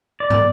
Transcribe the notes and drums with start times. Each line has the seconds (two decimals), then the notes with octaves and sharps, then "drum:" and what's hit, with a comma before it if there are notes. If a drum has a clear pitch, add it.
0.20 D5
0.30 drum: tom